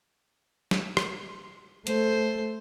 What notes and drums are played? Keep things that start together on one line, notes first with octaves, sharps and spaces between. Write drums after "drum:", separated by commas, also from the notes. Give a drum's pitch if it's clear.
drum: snare
drum: rim click
A3 C5, drum: hi-hat